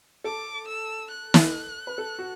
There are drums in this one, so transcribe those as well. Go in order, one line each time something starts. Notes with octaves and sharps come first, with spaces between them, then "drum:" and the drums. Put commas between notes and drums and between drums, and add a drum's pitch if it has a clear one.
A4 D6
E6
F#6
drum: snare
B4
A4
F#4